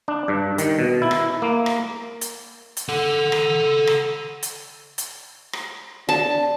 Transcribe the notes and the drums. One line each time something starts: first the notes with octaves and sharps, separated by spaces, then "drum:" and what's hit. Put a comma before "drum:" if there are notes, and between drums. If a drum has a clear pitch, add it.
D4
G2
D#3, drum: hi-hat
B2
E4
drum: rim click
A#3
drum: rim click
drum: hi-hat
drum: hi-hat
A4 F#5
drum: rim click
drum: rim click
drum: hi-hat
drum: hi-hat
drum: rim click
D4 A5, drum: rim click